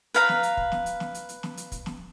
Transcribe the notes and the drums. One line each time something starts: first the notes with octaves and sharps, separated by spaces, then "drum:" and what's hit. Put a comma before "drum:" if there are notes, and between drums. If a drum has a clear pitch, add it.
B4 F5 A#5, drum: hi-hat
drum: snare
drum: hi-hat
drum: kick
drum: snare
drum: hi-hat
drum: snare
drum: hi-hat
drum: hi-hat
drum: snare
drum: hi-hat
drum: kick, hi-hat
drum: snare